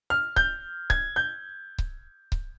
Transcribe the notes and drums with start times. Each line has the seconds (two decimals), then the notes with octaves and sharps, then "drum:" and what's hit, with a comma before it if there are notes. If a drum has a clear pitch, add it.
0.10 F6
0.36 G6, drum: kick C#1
0.90 G#6, drum: kick C#1
1.16 G6
1.78 drum: kick C#1
2.32 drum: kick C#1